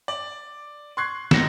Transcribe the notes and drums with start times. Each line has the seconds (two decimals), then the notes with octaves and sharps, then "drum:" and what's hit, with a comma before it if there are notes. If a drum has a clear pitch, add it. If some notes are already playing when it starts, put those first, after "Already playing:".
0.08 D5
0.97 C6 C#6 F#6 G#6 C7
1.31 G#2 A#6 C#7 E7, drum: snare